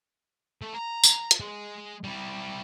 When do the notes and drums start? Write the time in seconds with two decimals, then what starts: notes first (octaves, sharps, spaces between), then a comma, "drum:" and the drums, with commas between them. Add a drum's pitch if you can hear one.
0.62 A3
0.74 A#5
1.04 drum: tambourine
1.31 drum: hi-hat
1.40 G#3
2.04 G3 E4